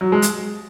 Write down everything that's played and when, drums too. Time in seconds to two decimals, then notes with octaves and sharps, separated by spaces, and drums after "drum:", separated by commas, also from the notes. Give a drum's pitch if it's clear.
0.01 F#3
0.12 G#3
0.22 drum: hi-hat